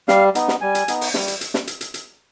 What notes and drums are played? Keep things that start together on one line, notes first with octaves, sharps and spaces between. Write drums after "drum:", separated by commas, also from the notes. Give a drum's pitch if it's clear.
G3 F5, drum: snare
B3 D#4, drum: hi-hat
drum: snare
G3 G#5
drum: hi-hat
B3 D#4, drum: hi-hat
drum: open hi-hat
G3, drum: snare
drum: hi-hat
drum: hi-hat
drum: snare
drum: hi-hat
drum: hi-hat
drum: hi-hat